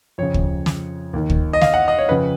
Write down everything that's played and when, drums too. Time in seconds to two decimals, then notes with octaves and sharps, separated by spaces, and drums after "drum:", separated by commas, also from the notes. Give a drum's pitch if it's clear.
0.18 F2 C#3 C#5
0.34 drum: kick
0.66 drum: snare
1.13 D#2 D#3
1.30 drum: kick
1.53 D#5
1.61 F5, drum: snare
1.74 F#5
1.88 D#5
1.99 C#5
2.09 F2 C#3 B4